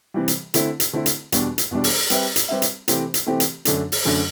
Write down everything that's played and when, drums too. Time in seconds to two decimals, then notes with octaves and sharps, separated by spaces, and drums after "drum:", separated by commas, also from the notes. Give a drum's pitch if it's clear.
0.14 C3 E3 G3
0.28 drum: hi-hat
0.54 D3 A3 C4 E4, drum: hi-hat
0.80 drum: hi-hat
0.93 D3 A3 C4 E4
1.06 drum: hi-hat
1.32 E2 B2 G3 D4, drum: hi-hat
1.58 drum: hi-hat
1.71 E2 B2 G3 D4
1.84 drum: open hi-hat
2.10 G3 C4 G4 B4 E5, drum: hi-hat
2.36 drum: hi-hat
2.49 G3 C4 G4 B4 E5
2.62 drum: hi-hat
2.88 C3 E3 A3 C4 G4, drum: hi-hat
3.14 drum: hi-hat
3.26 C3 E3 A3 C4 G4
3.40 drum: hi-hat
3.65 F#2 D3 A3 D4, drum: hi-hat
3.92 drum: open hi-hat
4.05 F#2 D3 A3 D4